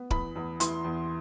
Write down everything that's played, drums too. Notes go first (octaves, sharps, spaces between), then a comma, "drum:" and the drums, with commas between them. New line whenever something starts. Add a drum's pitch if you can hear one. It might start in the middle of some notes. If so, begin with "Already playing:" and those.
Already playing: B3
E2 B5, drum: kick D1
E2
E3 C6, drum: hi-hat
E2